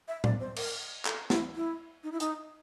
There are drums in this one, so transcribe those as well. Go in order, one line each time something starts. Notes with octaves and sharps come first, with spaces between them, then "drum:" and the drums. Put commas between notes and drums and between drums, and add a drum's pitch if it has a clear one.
E5
D5, drum: tom A2
C5
A#4, drum: cymbal
A4, drum: clap
E4, drum: snare
E4
D#4
E4
D#4, drum: hi-hat